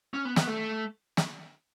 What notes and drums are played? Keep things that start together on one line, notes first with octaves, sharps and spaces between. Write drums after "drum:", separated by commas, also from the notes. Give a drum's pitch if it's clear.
C#4
B3
B3, drum: snare
A3
drum: snare